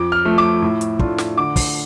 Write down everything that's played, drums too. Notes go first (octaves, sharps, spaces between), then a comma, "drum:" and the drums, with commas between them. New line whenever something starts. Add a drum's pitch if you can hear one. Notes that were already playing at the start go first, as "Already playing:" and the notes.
Already playing: F2 D6
F6
F3 A3
D6
A2
drum: hi-hat
A3 D4 F4, drum: kick
drum: snare
D3 D6
drum: kick, open hi-hat